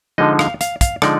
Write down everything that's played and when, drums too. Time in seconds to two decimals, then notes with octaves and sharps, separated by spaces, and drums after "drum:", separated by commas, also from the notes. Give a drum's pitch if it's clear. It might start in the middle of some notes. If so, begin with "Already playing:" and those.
0.18 D3 F3 G#3 D#4 D#5
0.39 F5, drum: rim click
0.61 F5, drum: hi-hat
0.81 F5, drum: kick, hi-hat
1.02 D3 F3 G#3 D#4 D5, drum: rim click